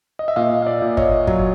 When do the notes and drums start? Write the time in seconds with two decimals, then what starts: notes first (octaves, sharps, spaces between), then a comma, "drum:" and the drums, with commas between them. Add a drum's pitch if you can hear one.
0.19 D#5
0.28 E5
0.36 A#2 D#5 F5
0.62 F5
0.67 D5 E5
0.82 A#2
0.97 C#5 D#5, drum: kick
1.27 F#3, drum: kick